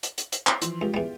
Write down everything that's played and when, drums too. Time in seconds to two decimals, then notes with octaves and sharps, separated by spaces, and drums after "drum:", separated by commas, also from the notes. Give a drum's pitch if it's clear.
0.03 drum: hi-hat
0.18 drum: hi-hat
0.32 drum: hi-hat
0.47 drum: clap
0.61 E3 F3 C6, drum: hi-hat
0.81 C#2 F4 G4
0.94 E2 G3